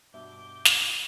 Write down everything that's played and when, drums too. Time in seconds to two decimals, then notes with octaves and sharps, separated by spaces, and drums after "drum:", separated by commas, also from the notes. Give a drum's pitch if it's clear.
0.14 G2 B2 E5 D6 G6
0.65 drum: snare